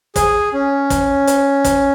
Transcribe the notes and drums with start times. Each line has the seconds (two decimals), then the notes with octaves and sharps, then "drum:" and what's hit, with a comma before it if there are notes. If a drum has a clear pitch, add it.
0.16 G#4, drum: kick, hi-hat
0.53 C#4
0.90 drum: kick, hi-hat
1.27 drum: hi-hat
1.64 drum: kick, hi-hat